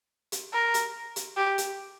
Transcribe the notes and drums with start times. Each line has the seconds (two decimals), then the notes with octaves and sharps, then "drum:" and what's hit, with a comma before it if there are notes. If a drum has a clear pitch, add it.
0.32 drum: hi-hat
0.53 A#4
0.74 drum: hi-hat
1.16 drum: hi-hat
1.37 G4
1.58 drum: hi-hat